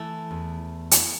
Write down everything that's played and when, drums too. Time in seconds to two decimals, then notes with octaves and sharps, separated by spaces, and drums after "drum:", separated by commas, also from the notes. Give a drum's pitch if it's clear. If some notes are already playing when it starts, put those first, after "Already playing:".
Already playing: E3 A3
0.31 E2
0.91 drum: hi-hat